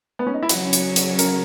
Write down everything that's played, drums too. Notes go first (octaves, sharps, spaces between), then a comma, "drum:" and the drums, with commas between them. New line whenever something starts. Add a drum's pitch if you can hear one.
B3
C#4
D#4
E4
C#3 F#3 C#4 F#4, drum: hi-hat
drum: hi-hat
drum: hi-hat
A#4, drum: hi-hat